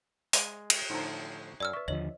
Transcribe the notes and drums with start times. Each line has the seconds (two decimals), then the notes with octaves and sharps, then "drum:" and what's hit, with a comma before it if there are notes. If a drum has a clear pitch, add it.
0.33 G#3, drum: open hi-hat
0.70 drum: cymbal
0.90 A2 D3 F3 D#4 C5 A#5
1.60 F#2 D5 E6 F6
1.73 B4 E5 C#6
1.88 D#2 D3 F3 C#5 D#5 F#7